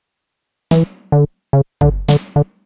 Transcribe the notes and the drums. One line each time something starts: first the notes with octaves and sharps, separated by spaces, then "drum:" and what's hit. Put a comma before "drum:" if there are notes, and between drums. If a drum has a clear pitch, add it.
E3, drum: snare
D3
C#3
D3, drum: kick
D3, drum: snare
D3